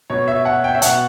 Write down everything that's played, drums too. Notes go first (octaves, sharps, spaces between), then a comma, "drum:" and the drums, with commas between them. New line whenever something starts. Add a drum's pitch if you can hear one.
B2 C#5
E5
F#5
G5
E5
B2 F#5, drum: hi-hat